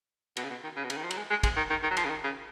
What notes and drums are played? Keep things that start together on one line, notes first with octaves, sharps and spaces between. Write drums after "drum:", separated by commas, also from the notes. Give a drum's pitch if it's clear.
B2, drum: cymbal
C#3
B2
D#3
C#3
B2
C#3, drum: cymbal
D#3
F3
F#3, drum: cymbal
G#3
G#3
G#3, drum: kick, cymbal
D#3
D#3
D#3
F#3
F3, drum: cymbal
C#3
D#3
C#3